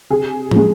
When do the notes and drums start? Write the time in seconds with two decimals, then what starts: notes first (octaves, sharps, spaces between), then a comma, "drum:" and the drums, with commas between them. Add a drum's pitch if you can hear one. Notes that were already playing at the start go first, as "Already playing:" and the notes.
0.10 C3 G#4
0.51 F3 G#3, drum: tom